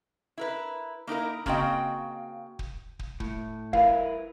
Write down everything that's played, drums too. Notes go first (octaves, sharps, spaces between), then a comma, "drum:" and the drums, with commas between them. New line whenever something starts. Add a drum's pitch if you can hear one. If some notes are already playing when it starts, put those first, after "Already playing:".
E4 A#4 B4
A#3 D#4 E4 A#4
C#3 A#3 C4 F#4 D#5 G5, drum: kick
drum: kick
drum: kick
A2, drum: kick
E4 A#4 B4 F5, drum: kick